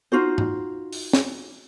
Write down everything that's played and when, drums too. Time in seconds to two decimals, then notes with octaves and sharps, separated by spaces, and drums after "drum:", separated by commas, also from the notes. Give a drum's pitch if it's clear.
0.12 D#4 F4 F#4 C5
0.38 drum: tom G#2
0.93 drum: open hi-hat
1.13 drum: snare